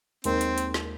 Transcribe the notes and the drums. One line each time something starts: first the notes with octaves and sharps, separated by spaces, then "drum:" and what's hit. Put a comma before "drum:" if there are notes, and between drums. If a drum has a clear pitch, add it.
D#2 D#3 G#3 C4 D#4 A#4, drum: hi-hat
drum: hi-hat
drum: hi-hat
drum: snare